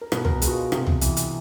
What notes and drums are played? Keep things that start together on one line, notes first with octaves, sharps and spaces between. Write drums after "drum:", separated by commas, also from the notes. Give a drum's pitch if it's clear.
A#4
B2 B4, drum: rim click
A#4, drum: tom
B4
G#3, drum: hi-hat
F#4
F4
C3, drum: rim click
drum: tom
E3, drum: hi-hat
drum: hi-hat